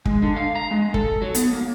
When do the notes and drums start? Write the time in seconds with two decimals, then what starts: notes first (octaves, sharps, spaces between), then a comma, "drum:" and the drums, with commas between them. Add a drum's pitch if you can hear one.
0.05 G#3, drum: kick
0.22 D3
0.36 F5
0.55 A#5
0.71 G#3
0.94 A4, drum: kick
1.22 F#3
1.35 B3, drum: hi-hat
1.53 A#3